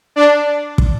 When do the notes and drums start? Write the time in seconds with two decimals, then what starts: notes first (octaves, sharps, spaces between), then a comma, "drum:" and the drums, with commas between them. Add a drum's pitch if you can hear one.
0.16 D4
0.78 drum: kick